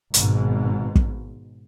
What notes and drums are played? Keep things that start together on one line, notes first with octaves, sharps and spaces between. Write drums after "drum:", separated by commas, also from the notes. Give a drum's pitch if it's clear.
G#1 G#2 B2, drum: hi-hat
drum: kick